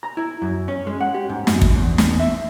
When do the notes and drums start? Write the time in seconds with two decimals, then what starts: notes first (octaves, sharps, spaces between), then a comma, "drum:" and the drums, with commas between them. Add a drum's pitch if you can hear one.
0.03 A#5
0.17 E4
0.42 F#2
0.68 C#4
0.87 G#3
1.01 F#5
1.14 G4
1.29 G#2
1.47 F#2, drum: snare
1.62 drum: kick
1.75 E2
1.98 drum: snare
2.19 E5